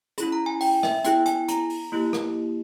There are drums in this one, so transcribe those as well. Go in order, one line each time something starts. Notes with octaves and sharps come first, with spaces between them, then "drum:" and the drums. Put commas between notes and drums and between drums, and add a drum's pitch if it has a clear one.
C#4 E4 G#4 B5, drum: hi-hat
A#5
G#5
G5, drum: open hi-hat
E5, drum: rim click
B3 E4 G#4 G5, drum: hi-hat
G#5, drum: hi-hat
A#5, drum: hi-hat
drum: open hi-hat
A#3 E4 G4
drum: rim click